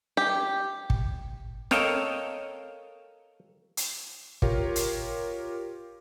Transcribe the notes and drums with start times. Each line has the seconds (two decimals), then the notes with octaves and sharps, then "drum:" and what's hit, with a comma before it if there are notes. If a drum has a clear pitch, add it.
0.17 G4
0.90 drum: kick
1.71 A4 A#4 C#5 D#5 F5 G5, drum: snare
3.77 drum: hi-hat
4.42 F4 G4 A#4 C#5, drum: kick
4.76 drum: hi-hat